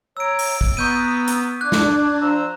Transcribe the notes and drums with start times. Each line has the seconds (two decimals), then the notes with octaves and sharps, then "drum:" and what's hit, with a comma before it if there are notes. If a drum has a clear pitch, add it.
0.17 C#5 A#5 E6 D7
0.39 drum: open hi-hat
0.61 drum: kick
0.77 B3 A#5 C#6 D#6 E6 G6 D#7
1.28 drum: hi-hat
1.61 D4 D6 F#6 G#6
1.72 drum: snare
2.21 F3 C5 A#5 E6